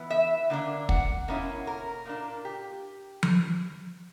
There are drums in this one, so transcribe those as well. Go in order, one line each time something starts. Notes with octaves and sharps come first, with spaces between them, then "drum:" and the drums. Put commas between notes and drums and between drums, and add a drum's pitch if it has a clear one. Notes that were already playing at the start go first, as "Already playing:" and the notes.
Already playing: E3 B3 E4
E5
D3 A#3 D4
F#5, drum: kick
B2 A#3 C#4 E4
A#4
A#2 A#3 D4
G4
drum: tom F3